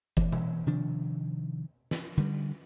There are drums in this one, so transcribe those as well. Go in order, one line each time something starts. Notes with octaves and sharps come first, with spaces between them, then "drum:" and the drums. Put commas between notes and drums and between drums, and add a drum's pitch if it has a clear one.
E3, drum: kick F#1
drum: tom B2
C3 D#3 F3 D4
drum: snare
D3 G3